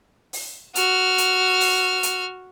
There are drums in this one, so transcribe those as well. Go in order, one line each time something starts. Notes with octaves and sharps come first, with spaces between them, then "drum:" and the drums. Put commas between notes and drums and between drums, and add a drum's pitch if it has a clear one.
drum: open hi-hat
F#4 F6, drum: hi-hat
drum: hi-hat
drum: open hi-hat
drum: hi-hat